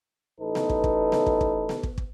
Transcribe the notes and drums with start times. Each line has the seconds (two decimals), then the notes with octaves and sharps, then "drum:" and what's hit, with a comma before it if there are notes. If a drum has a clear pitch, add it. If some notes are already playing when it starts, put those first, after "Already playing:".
0.41 A1 D#4 A4 B4
0.55 drum: snare B3
0.70 drum: kick
0.84 drum: kick
1.12 drum: snare B3
1.26 drum: kick
1.41 drum: kick
1.69 drum: snare B3
1.83 drum: kick
1.98 drum: kick